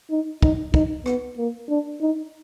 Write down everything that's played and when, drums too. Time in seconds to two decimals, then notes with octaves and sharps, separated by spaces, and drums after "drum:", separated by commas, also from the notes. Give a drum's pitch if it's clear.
0.10 D#4
0.42 D#4, drum: kick
0.74 D#4, drum: kick
1.06 B3, drum: rim click
1.38 A#3
1.69 D4
2.01 D#4